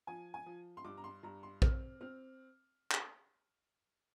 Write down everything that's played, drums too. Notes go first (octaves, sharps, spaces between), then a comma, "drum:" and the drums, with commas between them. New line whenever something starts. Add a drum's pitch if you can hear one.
F3 G#5
G#5
F3
C6
G2 D6
A#5
C6
G2 A#5
C6
C4 F6, drum: kick A#1
C4 F6
drum: clap